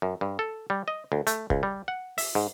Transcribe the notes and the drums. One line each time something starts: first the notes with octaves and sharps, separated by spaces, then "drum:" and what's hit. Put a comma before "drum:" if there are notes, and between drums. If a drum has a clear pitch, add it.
F#2
G2
A4
G3
D#5
D2
A3, drum: hi-hat
C#2, drum: kick
G3
F#5
E5, drum: open hi-hat
G#2